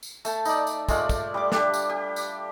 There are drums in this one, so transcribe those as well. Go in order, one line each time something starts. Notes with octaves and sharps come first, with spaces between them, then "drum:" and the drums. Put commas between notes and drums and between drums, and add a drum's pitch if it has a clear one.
drum: tambourine
A3 A5, drum: tambourine
D#4 D5, drum: tambourine
drum: tambourine
G#3 A3 F4 D5, drum: kick, tambourine
drum: kick, tambourine
G3 C6 D6
D4 G4, drum: snare
drum: tambourine
G4
drum: tambourine